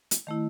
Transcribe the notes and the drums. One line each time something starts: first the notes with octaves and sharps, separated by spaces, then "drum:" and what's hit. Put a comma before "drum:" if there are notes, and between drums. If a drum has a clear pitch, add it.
drum: hi-hat
D#3 A3 E4